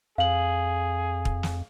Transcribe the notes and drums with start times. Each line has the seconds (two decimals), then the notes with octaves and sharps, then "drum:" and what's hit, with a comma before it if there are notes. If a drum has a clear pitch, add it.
0.18 F2 G#4 F5 F#7
1.25 drum: kick
1.43 drum: snare